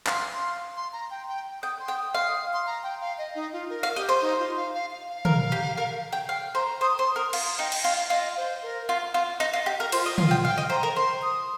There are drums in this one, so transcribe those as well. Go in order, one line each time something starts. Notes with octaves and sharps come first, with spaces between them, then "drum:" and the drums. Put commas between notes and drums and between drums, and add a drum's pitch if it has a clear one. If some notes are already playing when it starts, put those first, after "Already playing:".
F5 C6, drum: clap
C6
C6
A#5
G5
G5
G5 D#6
C6
G5
D#6
F5 C6
D#6
C6
A#5
G5
F5
D#5
D#4
F4
A#4
F5
G4 D#5
C5
D#4
F4
F5
F5
F5
F5
A#4, drum: tom
G4
A#4
G5
F5 G5
C5 A#5
C5 D#6
C5 C6
A#4 D#6
F4 C6, drum: cymbal
D#4 G5
drum: cymbal
F4 F5
F4 D#5
C5
A#4
F4
F4
D#4
F4
G4
A#4
F4 C5, drum: cymbal
D#5
F4 F5, drum: tom
G5
F5 G5
D#5
C5 A#5
A#4
C5 C6
D#6